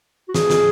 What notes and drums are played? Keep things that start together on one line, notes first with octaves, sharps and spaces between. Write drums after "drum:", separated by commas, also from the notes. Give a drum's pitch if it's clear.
F#4
G#4, drum: snare
drum: snare